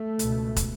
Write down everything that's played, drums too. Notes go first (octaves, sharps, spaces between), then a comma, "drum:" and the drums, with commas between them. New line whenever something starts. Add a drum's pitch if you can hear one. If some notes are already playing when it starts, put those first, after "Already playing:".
Already playing: A3
C#2 B2, drum: hi-hat
drum: kick, hi-hat